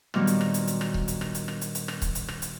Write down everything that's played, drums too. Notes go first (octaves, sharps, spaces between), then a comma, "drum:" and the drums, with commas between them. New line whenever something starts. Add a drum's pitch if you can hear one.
A#2 D#3 F#3 G3 B3 D4, drum: rim click
drum: hi-hat
drum: rim click
drum: hi-hat
drum: hi-hat
drum: rim click
drum: kick C#1
drum: hi-hat
drum: rim click
drum: hi-hat
drum: rim click
drum: hi-hat
drum: hi-hat
drum: rim click
drum: kick C#1, hi-hat
drum: hi-hat
drum: rim click
drum: hi-hat